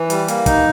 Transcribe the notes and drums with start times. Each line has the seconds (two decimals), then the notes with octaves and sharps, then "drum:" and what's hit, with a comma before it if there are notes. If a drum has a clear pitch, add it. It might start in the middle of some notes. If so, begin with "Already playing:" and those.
Already playing: E3
0.10 G3, drum: hi-hat
0.28 A#3, drum: hi-hat
0.46 D#4, drum: kick, hi-hat